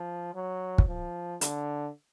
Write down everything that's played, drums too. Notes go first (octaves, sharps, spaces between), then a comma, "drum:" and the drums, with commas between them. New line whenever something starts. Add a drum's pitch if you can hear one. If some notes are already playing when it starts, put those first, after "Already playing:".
Already playing: F3
F#3
drum: kick
F3
D3, drum: hi-hat